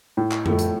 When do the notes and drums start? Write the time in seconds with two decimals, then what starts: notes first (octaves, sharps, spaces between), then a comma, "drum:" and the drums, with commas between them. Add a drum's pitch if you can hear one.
0.17 A2
0.31 drum: clap
0.46 F3 A3, drum: tom F2
0.59 drum: hi-hat